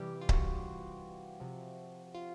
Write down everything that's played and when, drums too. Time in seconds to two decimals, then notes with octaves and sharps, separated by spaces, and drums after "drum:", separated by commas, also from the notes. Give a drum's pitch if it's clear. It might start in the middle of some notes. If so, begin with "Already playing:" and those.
Already playing: C3 E3 G3 G4
0.21 F4
0.29 F#4, drum: kick C#1
1.40 C3 F3
2.15 F4